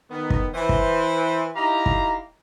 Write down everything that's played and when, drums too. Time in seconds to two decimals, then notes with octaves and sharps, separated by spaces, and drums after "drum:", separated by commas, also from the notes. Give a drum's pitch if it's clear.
0.11 D#3 B3
0.30 drum: kick
0.54 E3 C5
0.69 drum: kick
1.56 D#4 E4 G4 F5 A#5
1.86 drum: kick